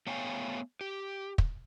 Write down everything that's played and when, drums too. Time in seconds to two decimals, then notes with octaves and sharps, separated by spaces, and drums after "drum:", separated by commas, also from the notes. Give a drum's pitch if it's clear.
0.07 A3 B3 C#5 F5 G5 G#5
0.81 G4
1.38 drum: kick